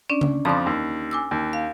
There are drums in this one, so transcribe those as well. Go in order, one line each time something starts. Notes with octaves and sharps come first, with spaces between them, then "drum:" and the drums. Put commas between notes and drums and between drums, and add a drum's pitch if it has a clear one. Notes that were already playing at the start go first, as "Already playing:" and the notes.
C#4 D4 D5
drum: tom C#3
F2 F3 D5 B5 D#6
D#2
G#5 D6 E6
D#2
F5